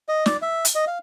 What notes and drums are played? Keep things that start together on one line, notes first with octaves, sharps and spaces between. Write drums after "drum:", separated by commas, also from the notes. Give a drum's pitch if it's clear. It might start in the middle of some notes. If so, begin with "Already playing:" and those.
D#5
D5, drum: snare
E5
drum: hi-hat
D#5
F5